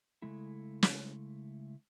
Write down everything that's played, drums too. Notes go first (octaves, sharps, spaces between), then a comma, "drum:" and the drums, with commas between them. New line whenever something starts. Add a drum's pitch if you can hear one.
C#3 G#3 A3 E4
drum: snare